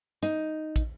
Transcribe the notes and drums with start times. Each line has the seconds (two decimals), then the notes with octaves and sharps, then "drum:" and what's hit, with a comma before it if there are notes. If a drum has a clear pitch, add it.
0.23 D#4, drum: hi-hat
0.76 drum: kick, hi-hat